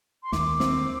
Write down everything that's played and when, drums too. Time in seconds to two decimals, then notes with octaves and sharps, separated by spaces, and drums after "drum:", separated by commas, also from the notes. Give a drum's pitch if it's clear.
0.23 C6
0.32 D#2 D6, drum: snare
0.60 C4, drum: snare